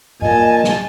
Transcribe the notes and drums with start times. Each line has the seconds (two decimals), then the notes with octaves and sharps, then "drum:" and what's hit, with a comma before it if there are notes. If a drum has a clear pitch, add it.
0.22 A#2 D#5 G#5 A5, drum: tom G2
0.64 drum: snare